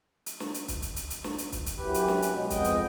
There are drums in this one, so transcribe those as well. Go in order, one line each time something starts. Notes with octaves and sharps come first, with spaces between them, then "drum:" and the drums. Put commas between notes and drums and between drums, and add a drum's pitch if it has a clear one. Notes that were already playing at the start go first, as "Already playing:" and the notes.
drum: hi-hat
drum: snare
drum: hi-hat
drum: kick, hi-hat
drum: kick, hi-hat
drum: hi-hat
drum: hi-hat
drum: snare
drum: hi-hat
drum: kick, hi-hat
drum: kick, hi-hat
F#2 E3 G4 B4
drum: hi-hat
drum: snare
drum: hi-hat
B2 F#3 G#3 B3
F2 G#3 B3 D#5 G5, drum: kick, hi-hat
drum: hi-hat